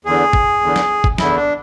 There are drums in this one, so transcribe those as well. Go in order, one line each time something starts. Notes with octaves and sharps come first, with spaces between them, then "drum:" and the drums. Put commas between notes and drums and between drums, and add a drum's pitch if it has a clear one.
E2 D3 G#4
drum: kick
E2 D3
drum: snare
drum: kick
E2 D3 E4, drum: snare
D4